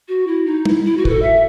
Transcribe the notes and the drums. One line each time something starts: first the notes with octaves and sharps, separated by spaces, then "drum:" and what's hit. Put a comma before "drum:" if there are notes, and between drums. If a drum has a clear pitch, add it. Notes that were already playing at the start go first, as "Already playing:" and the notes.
F#4
E4
D#4
E4, drum: tom
E4
F#4
B4, drum: kick
A4
E5